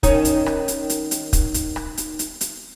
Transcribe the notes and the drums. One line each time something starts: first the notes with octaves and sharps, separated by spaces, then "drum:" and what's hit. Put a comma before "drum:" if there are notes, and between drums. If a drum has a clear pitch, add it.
D#3 C#4 D#4, drum: kick, hi-hat
drum: hi-hat
drum: rim click
drum: hi-hat
drum: hi-hat
drum: hi-hat
drum: kick, hi-hat
drum: hi-hat
drum: rim click
drum: hi-hat
drum: hi-hat
drum: hi-hat